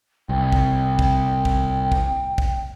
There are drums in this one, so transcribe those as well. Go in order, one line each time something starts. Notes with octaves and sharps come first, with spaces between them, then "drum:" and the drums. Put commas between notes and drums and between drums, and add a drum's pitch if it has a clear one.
C2 G5
drum: kick
drum: kick
drum: kick
drum: kick
drum: kick